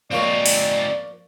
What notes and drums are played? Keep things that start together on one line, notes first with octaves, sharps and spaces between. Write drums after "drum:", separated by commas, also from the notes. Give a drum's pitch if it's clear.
F3 A#3 C4 D#4 C#5 D5
drum: open hi-hat